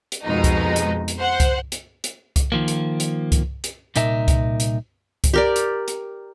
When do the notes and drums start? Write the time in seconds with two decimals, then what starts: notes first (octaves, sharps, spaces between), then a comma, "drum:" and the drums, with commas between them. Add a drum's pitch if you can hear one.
0.12 drum: hi-hat
0.24 F2 B2 G#3 D#4
0.44 drum: kick C2, hi-hat
0.76 drum: hi-hat
1.08 drum: hi-hat
1.19 C5 F#5
1.40 drum: kick C2, hi-hat
1.72 drum: hi-hat
2.04 drum: hi-hat
2.36 drum: kick C2, hi-hat
2.52 D#3 F3 A#3
2.68 drum: hi-hat
3.00 drum: hi-hat
3.32 drum: kick C2, hi-hat
3.64 drum: hi-hat
3.96 C2 A#2 D#4 A#4 E5, drum: hi-hat
4.28 drum: kick C2, hi-hat
4.60 drum: hi-hat
5.24 drum: kick C2, hi-hat
5.33 G4 A#4 D5
5.56 drum: hi-hat
5.88 drum: hi-hat